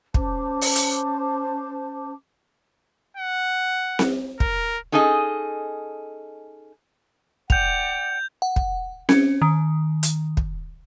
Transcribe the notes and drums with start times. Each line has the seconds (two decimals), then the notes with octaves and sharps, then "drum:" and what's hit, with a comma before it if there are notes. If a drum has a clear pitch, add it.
0.14 C#4 C5 A5 D6, drum: kick
0.61 drum: open hi-hat
0.76 drum: hi-hat
3.17 F#5
3.99 drum: snare C4
4.40 A#4, drum: kick
4.92 C#4 D#4 G#4 A4 D#5
7.50 D5 F#5 G5 G6 F7, drum: kick
8.42 F#5
8.56 drum: kick
9.09 C#4, drum: snare C4
9.42 D#3
10.03 drum: hi-hat
10.37 drum: kick